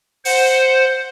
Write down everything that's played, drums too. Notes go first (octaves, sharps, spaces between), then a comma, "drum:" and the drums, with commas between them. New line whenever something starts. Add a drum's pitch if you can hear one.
C5 F#5, drum: open hi-hat